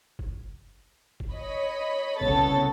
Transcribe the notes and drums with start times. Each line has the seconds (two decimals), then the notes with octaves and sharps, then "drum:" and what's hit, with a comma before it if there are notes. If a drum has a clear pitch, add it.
0.19 drum: kick
1.20 drum: kick
1.33 C#5 D#5 B5
2.21 C2 C#3 B3 A4 C#5 A6, drum: kick